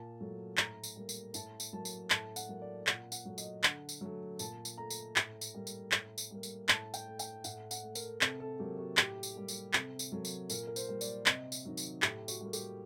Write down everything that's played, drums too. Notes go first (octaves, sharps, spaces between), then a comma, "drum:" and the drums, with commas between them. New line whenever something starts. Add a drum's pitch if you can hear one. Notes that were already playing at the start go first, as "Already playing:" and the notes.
Already playing: A#2 A5
F#3 A3
A2 A#5, drum: clap
drum: tambourine
G3 A#3
drum: tambourine
A2 A5, drum: tambourine
drum: tambourine
F#3 A#3 A5
drum: tambourine
A2 A5, drum: clap
F#5, drum: tambourine
F#3 A#3
D5
A#2 F#5, drum: clap
F#5, drum: tambourine
F#3 A3
D#5, drum: tambourine
D3 F#5, drum: clap
drum: tambourine
F#3 A3
A#2 A5, drum: tambourine
drum: tambourine
A3 A#5
drum: tambourine
A2, drum: clap
drum: tambourine
G3 A#3
drum: tambourine
A2, drum: clap
drum: tambourine
G3 A#3
drum: tambourine
A2 A5, drum: clap
G5, drum: tambourine
A3
G5, drum: tambourine
A2 F#5, drum: tambourine
F#5, drum: tambourine
A3
A#4, drum: tambourine
C3 A4, drum: clap
A4
F#3 A#3 G4
F#4
A2 G4, drum: clap
drum: tambourine
G3 A#3
drum: tambourine
C3 A4, drum: clap
drum: tambourine
F#3 A#3 A4
drum: tambourine
A#2 A#4, drum: tambourine
A#4
C5, drum: tambourine
G3 A#3
D5, drum: tambourine
C3 D#5, drum: clap
drum: tambourine
D#3 F#3
drum: tambourine
A2 G4, drum: clap
F#4, drum: tambourine
G3 A#3
G4, drum: tambourine